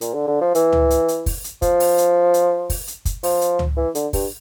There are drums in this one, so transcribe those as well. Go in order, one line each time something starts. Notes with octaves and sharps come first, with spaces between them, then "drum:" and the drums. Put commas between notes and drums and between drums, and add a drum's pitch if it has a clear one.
A#2, drum: hi-hat
D3
D3
F3
E3, drum: hi-hat
drum: tom C#2
drum: hi-hat
drum: hi-hat
drum: kick, open hi-hat
drum: hi-hat
F3, drum: kick, hi-hat
drum: open hi-hat
drum: hi-hat
drum: hi-hat
drum: kick, open hi-hat
drum: hi-hat
drum: kick, hi-hat
F3, drum: open hi-hat
drum: hi-hat
drum: tom C#2
E3
D3, drum: hi-hat
G2, drum: kick, open hi-hat